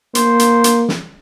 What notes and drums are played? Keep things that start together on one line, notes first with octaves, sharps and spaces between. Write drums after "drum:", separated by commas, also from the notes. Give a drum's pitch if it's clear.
A#3 C5, drum: hi-hat
drum: hi-hat
drum: hi-hat
drum: snare